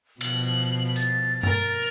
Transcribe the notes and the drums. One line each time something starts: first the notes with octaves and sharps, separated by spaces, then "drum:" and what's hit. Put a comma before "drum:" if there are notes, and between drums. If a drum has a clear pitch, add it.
B2 F3 F#7, drum: cymbal
A6, drum: hi-hat
A#4, drum: tom G2